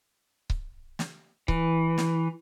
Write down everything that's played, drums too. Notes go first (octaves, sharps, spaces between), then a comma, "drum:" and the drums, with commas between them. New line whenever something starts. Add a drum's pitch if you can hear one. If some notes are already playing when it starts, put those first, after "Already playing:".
drum: kick C#1
drum: snare
E3, drum: kick C#1
drum: snare